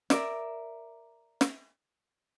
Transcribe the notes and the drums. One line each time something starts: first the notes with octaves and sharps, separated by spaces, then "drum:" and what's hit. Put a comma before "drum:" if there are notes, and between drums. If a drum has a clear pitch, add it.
A#4 D5 E5, drum: snare
drum: snare